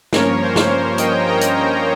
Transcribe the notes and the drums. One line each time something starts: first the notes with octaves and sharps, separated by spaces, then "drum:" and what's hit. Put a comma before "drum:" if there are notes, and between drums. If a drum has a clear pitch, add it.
G2 F3 A#3 C#4 A#4 C#5, drum: snare
C5
drum: snare
C5
D#5 G5, drum: hi-hat
G5 A#5
drum: hi-hat
G5 A#5